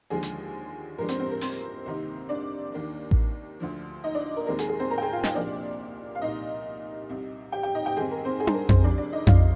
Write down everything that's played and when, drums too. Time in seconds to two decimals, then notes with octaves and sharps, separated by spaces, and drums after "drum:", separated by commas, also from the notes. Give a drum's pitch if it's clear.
0.10 D#2 D3 F3 G#3 G#4
0.23 drum: hi-hat
0.98 G2 F3 G#3 D4 A#4
1.09 C4 C5, drum: hi-hat
1.19 C4 C5
1.31 A#4
1.41 C4 C5, drum: open hi-hat
1.86 C2 C3 D#3 A#3 D#4
2.29 D4 D5
2.72 D#2 D#3 A#3 D4
3.11 drum: kick A1
3.60 D2 D3 F3
4.04 D#4 D#5
4.14 D4 D5
4.37 A#4
4.47 D#2 D#3 G#3 C4 A#4
4.59 G#4, drum: hi-hat
4.69 G#4
4.79 C4 C5
4.91 A#4 A#5
4.98 G5
5.02 G#4 G#5
5.12 F4 F5
5.23 D#4 D#5, drum: snare
5.34 C2 A#2 F3 A#3 D4 D5
6.15 F5
6.21 C2 A#2 G3 D#4 D#5
7.09 C2 C3 G3
7.52 G4 G5
7.63 G4 G5
7.75 D#4 D#5
7.85 G4 G5
7.96 G#2 D#3 G3 C4 G#4
8.11 A#4
8.25 C4 C5
8.40 G#4
8.47 C5, drum: tom
8.54 A#4
8.69 C4 C5, drum: tom F2
8.84 F2 C3 G3 D4 D5
8.98 D4 D5
9.13 D#4 D#5
9.27 F4 F5, drum: tom F2